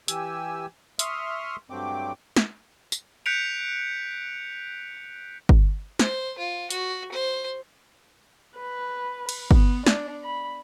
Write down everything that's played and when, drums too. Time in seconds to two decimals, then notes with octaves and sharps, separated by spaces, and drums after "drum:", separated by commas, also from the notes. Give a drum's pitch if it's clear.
0.08 E3 G4 G#5 E6, drum: hi-hat
0.99 E5 C6 C#6 D#6 F6, drum: hi-hat
1.70 G2 F#3 A3 C4 G5 D6
2.36 drum: snare
2.92 drum: tambourine
3.26 F#6 G6 B6 C#7 D7 F7
5.49 drum: kick G1
5.99 C5, drum: snare
6.38 F4
6.71 F#4, drum: hi-hat
7.12 C5
8.57 B4
9.29 drum: cymbal
9.51 B3, drum: kick G1
9.86 D4, drum: snare
10.24 B5